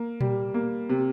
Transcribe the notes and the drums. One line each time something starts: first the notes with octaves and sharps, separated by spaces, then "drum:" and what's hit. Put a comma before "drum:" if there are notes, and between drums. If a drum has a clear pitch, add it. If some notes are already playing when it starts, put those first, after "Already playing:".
Already playing: A#3
G3, drum: tom A#2
A#3
C3